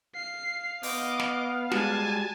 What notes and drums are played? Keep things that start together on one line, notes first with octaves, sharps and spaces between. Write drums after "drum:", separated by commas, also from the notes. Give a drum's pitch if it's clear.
F5 C7
B3 D#5 D6, drum: open hi-hat
drum: snare
G3 G#3 F#4 G#5 A5, drum: snare